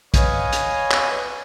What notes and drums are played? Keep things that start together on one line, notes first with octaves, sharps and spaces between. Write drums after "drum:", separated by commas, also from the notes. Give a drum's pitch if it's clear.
B4 C#5 D#5 F5 G#5, drum: kick, hi-hat
drum: hi-hat
drum: clap